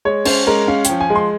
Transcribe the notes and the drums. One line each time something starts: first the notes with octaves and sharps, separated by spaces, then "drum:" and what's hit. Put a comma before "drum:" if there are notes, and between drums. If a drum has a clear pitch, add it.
G#3 C#5
C#4 C5, drum: cymbal
G#3 A#4
C#4 F5
F3 G5, drum: hi-hat
G#5
G#3
C6